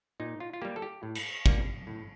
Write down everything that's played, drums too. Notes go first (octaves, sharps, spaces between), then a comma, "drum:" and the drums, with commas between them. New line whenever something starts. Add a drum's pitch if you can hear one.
A#2 D#4
F4
F4
G3 A#3 G4
A4
G4
A2
drum: cymbal
G3 A#3, drum: kick
A2